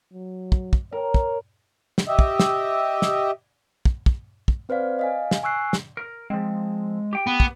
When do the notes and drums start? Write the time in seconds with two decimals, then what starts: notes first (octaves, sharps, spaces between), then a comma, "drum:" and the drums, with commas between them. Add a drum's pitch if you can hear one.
0.13 F#3
0.52 drum: kick
0.73 drum: kick
0.92 A#4 C#5
1.14 drum: kick
1.98 drum: snare
2.08 G4 D#5 E5
2.19 drum: kick
2.40 drum: snare
3.02 drum: snare
3.85 drum: kick
4.06 drum: kick
4.48 drum: kick
4.69 C4 B4 C5 D5 F5
4.99 D#5 F5 G#5
5.31 drum: snare
5.43 G#5 C#6 E6 F#6 C7
5.73 drum: snare
5.97 A#4
6.30 F3 G#3 C4
7.13 G4 G5
7.27 B3
7.40 drum: kick